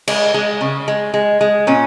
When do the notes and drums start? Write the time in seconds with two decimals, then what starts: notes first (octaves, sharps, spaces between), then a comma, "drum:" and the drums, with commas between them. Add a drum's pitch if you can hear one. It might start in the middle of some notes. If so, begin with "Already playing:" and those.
0.08 G#3, drum: cymbal
0.34 G#3
0.61 C#3
0.88 G#3
1.14 G#3
1.41 G#3
1.67 A#2 C#4